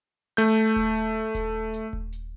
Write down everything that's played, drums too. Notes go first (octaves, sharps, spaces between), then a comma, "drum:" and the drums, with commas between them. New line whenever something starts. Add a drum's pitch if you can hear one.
A3 G6
drum: hi-hat
drum: kick D#1
drum: hi-hat
drum: kick D#1, hi-hat
drum: hi-hat
drum: kick D#1
drum: hi-hat